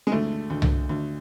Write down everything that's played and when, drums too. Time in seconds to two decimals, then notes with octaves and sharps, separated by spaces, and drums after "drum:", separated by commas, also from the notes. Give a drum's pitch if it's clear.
0.07 G#3
0.12 D2 A3
0.50 D2
0.62 drum: tom C2
0.89 D2